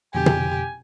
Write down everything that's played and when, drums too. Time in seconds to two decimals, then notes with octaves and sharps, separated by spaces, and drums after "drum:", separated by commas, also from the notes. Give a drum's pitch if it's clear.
0.14 F2 B2 D3 G4 G#5
0.26 drum: tom